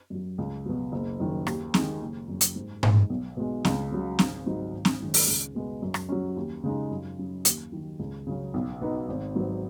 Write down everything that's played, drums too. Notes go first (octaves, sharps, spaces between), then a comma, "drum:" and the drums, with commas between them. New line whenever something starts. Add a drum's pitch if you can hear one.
F#2 F#3
C#2
B2 F#3
F#1
F#2 D#3
D#2, drum: rim click
D#3 G#3, drum: snare C4
F#1
F#2 F#3
drum: hi-hat
G#2
G#3 D#4, drum: tom G#2
B1
B2 G#3
C#2, drum: snare C4
C#3 F#3
G#1, drum: snare C4
G#2 F#3 D#4
G#1
drum: snare C4
F#2 D#3 G#3 C#4
drum: open hi-hat
C#2
B2 G#3 B3
F#2
drum: rim click
F#3 C#4
D#2
C#3 G#3 D#4
F#2
F#3 C#4
D#2, drum: hi-hat
D#3 F#3
C#2
C#3 F#3 C#4
B1
B2 B3 D#4
G#1
G#2 F#3 B3